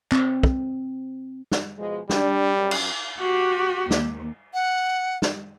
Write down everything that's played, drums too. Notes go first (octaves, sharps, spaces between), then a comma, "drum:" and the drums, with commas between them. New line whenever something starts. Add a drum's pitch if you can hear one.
C4, drum: clap
drum: kick
drum: snare
B2 F3 G#3
G3 D4, drum: snare
F#2
drum: cymbal
F#4 G4
D#2, drum: snare
F#5
drum: snare